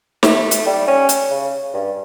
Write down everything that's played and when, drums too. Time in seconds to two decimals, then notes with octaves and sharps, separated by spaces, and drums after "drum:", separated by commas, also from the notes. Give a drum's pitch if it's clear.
0.23 A3, drum: snare
0.51 drum: hi-hat
0.66 G3
0.88 C#4
1.09 drum: hi-hat
1.30 C#3
1.74 G2